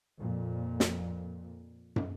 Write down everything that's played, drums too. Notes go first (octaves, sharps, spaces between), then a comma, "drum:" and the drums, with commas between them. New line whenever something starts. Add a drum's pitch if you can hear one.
F2 A#2
drum: snare
drum: tom